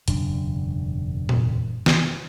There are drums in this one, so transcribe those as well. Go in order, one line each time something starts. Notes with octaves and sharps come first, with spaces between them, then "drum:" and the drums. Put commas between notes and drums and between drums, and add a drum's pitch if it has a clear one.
E1 F#2 C#3 D4, drum: hi-hat
drum: tom A#2
drum: snare